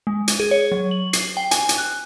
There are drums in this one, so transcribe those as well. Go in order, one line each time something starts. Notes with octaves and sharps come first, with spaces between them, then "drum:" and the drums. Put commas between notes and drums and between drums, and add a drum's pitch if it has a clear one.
G#3
drum: hi-hat
G#4
C#5
F#3
F#7
C7, drum: hi-hat
G5
G#5, drum: hi-hat
drum: hi-hat
F#6